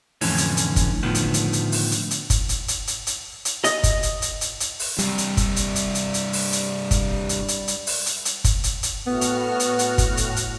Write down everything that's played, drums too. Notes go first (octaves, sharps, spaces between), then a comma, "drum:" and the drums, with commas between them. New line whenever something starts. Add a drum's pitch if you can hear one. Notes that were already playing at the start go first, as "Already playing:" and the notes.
F2 A2 D3 E3 C#4, drum: open hi-hat
drum: hi-hat
drum: hi-hat
drum: kick, hi-hat
A2 D3 D#3 F3 B3
drum: hi-hat
drum: hi-hat
drum: hi-hat
drum: open hi-hat
drum: hi-hat
drum: hi-hat
drum: kick, hi-hat
drum: hi-hat
drum: hi-hat
drum: hi-hat
drum: hi-hat
drum: hi-hat
D#5, drum: hi-hat
drum: kick, hi-hat
drum: hi-hat
drum: hi-hat
drum: hi-hat
drum: hi-hat
drum: open hi-hat
G2 C3 G3, drum: hi-hat
drum: hi-hat
drum: kick, hi-hat
drum: hi-hat
drum: hi-hat
drum: hi-hat
drum: hi-hat
drum: open hi-hat
drum: hi-hat
drum: kick, hi-hat
drum: hi-hat
drum: hi-hat
drum: hi-hat
drum: open hi-hat
drum: hi-hat
drum: hi-hat
drum: kick, hi-hat
drum: hi-hat
drum: hi-hat
A2 B3 F#4 F6
drum: hi-hat
drum: hi-hat
drum: hi-hat
drum: kick, hi-hat
drum: hi-hat
drum: hi-hat